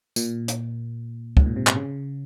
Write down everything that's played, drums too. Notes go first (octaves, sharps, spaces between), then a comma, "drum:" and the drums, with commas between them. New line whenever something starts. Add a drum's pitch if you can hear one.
A#2, drum: tambourine
drum: hi-hat
G#2, drum: kick
A#2
C3
C3, drum: clap
C#3